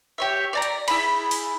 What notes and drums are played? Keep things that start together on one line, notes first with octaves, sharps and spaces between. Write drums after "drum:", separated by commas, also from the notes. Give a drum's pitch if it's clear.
G4 C#5 E5
D5 A5 A#5
drum: hi-hat
E4 G#4 B5, drum: cymbal
drum: open hi-hat